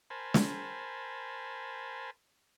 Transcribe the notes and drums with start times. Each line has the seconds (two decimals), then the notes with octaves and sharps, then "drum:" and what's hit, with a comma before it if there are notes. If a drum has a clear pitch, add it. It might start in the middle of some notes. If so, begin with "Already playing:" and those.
0.10 A#4 C5 G#5 A5 B5
0.34 drum: snare